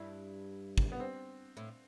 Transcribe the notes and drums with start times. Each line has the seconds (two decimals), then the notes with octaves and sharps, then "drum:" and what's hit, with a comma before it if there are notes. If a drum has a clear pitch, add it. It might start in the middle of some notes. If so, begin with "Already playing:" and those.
Already playing: G2 E4
0.78 drum: kick
0.92 B3
1.00 C4
1.57 A2